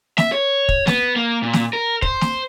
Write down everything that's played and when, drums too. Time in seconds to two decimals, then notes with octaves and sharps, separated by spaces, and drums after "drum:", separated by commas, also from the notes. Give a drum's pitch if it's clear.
0.18 E5, drum: snare
0.32 C#5
0.69 drum: kick
0.87 B3, drum: snare
1.16 A#3
1.42 A#2
1.53 drum: snare
1.73 A#4
2.02 C5, drum: kick
2.21 drum: snare